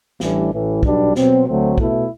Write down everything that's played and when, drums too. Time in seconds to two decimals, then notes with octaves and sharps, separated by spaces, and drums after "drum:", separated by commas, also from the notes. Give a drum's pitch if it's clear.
0.20 A1 A2 E3 G3 D4, drum: snare
0.52 A1 A2 E3
0.83 B1 B2 G3 D4, drum: kick
1.15 B2 F#3 C4, drum: snare
1.47 D2 D3 F#3 A3 C4
1.78 B2 A3 E4, drum: kick